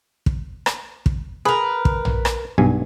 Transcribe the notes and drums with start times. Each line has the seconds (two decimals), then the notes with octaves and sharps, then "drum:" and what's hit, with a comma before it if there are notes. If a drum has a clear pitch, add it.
0.26 drum: kick
0.66 drum: rim click
1.06 drum: kick
1.45 G#4 A#4 B4
1.85 drum: kick
2.05 drum: tom A#1
2.25 drum: rim click
2.58 B1 G2 G#5